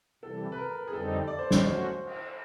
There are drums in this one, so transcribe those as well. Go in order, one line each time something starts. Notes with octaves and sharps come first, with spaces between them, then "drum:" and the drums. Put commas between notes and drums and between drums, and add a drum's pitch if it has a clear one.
C3 E3 G3 A4
B4
A#4
A#4
G#4
F2 D3 G3 C4 D#4 A4
D5
C5
C#5, drum: snare
F#3 A3 C#4 F#4 C5
drum: cymbal